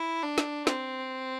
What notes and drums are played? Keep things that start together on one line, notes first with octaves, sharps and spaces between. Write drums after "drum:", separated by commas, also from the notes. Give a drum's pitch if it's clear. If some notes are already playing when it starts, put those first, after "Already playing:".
Already playing: E4
D4
drum: snare
C4, drum: snare